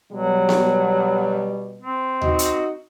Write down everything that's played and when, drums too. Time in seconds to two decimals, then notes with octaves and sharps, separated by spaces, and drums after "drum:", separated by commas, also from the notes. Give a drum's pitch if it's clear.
0.12 B2 F#3 G3
0.49 drum: snare B3
1.81 C4
2.22 D#4 F#4 D#5, drum: tom D2
2.39 drum: hi-hat